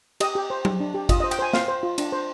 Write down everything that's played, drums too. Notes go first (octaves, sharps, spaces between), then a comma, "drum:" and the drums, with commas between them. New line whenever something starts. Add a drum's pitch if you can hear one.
G4 D#5, drum: cymbal
G4
C5
G4, drum: tom F#3
D4
G4
F4 D#5, drum: kick G1, cymbal
D#5
C5
G5, drum: cymbal
C5 G#5
C5 F5, drum: snare
C5
F4
D4, drum: cymbal
C5